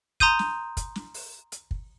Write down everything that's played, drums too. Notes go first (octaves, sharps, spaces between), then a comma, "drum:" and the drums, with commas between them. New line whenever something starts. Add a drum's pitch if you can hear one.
A#5 C6 D#6 G6 D#7, drum: kick
drum: snare
drum: kick, hi-hat
drum: snare
drum: open hi-hat
drum: hi-hat
drum: kick